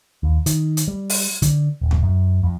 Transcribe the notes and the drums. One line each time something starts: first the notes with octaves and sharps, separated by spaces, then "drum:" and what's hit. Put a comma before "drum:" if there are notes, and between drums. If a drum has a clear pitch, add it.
D#2
D#3, drum: hi-hat
drum: hi-hat
G3
drum: open hi-hat
D3, drum: kick, hi-hat
D#1
drum: tom F2
F#2
F2